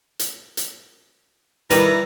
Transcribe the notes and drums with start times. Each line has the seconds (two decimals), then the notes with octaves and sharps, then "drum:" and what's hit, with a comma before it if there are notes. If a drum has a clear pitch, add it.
0.19 drum: hi-hat
0.57 drum: hi-hat
1.70 D#3 E3 G3 E4 B4 A#5, drum: hi-hat